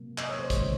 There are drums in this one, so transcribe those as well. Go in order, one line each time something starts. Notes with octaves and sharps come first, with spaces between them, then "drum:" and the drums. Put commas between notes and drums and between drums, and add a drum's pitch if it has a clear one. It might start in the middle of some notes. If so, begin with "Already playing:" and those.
Already playing: C3 F#3 A#3
D#5, drum: clap
C#5
C5
C3 D#3 G#3 C5, drum: kick, hi-hat